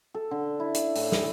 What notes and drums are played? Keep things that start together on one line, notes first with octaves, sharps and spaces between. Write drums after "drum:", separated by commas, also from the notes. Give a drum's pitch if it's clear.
A4
D3
E4
D4, drum: hi-hat
A2, drum: open hi-hat
drum: snare